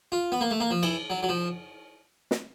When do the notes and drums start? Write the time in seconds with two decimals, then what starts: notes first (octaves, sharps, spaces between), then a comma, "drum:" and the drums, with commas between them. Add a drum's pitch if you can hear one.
0.12 F4
0.32 B3
0.41 A#3
0.51 A3
0.60 A#3
0.71 F3
0.83 E3, drum: cymbal
1.10 F#3
1.23 F#3
1.29 F3
2.31 drum: snare